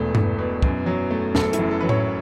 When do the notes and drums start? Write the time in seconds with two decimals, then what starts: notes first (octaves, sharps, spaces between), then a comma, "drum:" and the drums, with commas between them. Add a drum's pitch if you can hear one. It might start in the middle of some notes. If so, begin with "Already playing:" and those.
Already playing: E1 E2 B2 A3
0.15 E2, drum: tom G2
0.39 B2
0.62 F#2, drum: kick
0.86 F#3
1.11 A3
1.35 F#1 A4, drum: snare
1.53 E4, drum: hi-hat
1.59 F#2
1.71 A4
1.81 F#3 B4
1.89 C#5, drum: tom A2